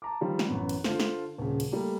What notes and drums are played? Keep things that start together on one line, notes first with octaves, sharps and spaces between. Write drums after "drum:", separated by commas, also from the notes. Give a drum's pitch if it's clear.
A5 A#5 D6
D#3 F3 G3 F4
drum: snare
A1 F#2 B3
drum: cymbal
D3 F4 A4 C5, drum: snare
drum: snare
D#1 C#3
drum: cymbal
G3 A3 A#3